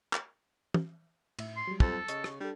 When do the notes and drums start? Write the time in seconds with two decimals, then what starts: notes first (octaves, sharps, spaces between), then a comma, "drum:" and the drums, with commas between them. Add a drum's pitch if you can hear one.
0.13 drum: clap
0.74 drum: tom
1.39 A2 E5, drum: cymbal
1.56 C6
1.68 F#3 G3
1.80 F2 A4, drum: kick
2.08 C#3 D#5 C#6, drum: hi-hat
2.24 drum: rim click
2.40 G3 D4 A4